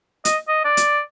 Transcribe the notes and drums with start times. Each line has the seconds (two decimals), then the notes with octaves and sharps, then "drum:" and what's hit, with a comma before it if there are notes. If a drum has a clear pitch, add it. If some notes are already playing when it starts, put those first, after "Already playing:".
0.25 D#5, drum: hi-hat
0.48 D#5
0.65 D5
0.77 drum: hi-hat